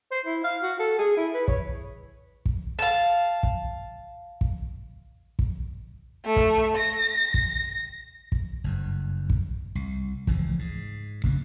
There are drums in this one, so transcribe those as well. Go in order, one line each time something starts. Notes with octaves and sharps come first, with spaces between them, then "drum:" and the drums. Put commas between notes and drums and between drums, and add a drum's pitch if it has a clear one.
C5
E4
F5
F#4
A4
G#4
E4
B4
C#5, drum: kick
drum: kick
F5 A5
drum: kick
drum: kick
drum: kick
A3
drum: kick
A#6
drum: kick
drum: kick
F#1 G2
drum: kick
C2
F1 C#2 E3 F3, drum: kick
G#2
D2 C#3 A#3, drum: kick